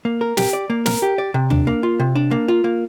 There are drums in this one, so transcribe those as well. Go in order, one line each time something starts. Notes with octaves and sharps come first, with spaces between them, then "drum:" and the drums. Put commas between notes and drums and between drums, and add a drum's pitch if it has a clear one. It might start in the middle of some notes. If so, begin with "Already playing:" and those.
A#3
A#4
G4, drum: snare
D5
A#3
A#4, drum: snare
G4
D5
C3
D4, drum: tom
A#3
F4
C3
D4
A#3
F4
A#3